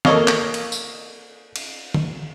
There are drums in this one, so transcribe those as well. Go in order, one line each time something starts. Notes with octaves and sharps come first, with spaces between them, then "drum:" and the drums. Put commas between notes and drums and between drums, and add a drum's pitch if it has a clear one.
A#3 A4 C#5 D#5 F5, drum: snare
drum: clap
drum: cymbal
drum: tambourine
drum: cymbal
drum: tom D3